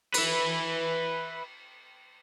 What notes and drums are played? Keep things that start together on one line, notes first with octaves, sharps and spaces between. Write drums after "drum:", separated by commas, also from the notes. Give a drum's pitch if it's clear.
B4 E5, drum: cymbal